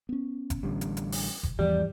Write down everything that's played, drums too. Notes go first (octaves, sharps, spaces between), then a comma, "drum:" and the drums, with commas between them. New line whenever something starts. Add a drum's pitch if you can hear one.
B3 C#4
drum: kick F#1, hi-hat
A1 D3 G3
drum: hi-hat
drum: hi-hat
drum: open hi-hat
drum: kick F#1
E2 G#2 E3 F3 G3